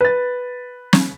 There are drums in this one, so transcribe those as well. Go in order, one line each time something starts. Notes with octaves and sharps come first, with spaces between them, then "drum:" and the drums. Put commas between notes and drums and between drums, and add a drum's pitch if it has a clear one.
B4 A6
drum: snare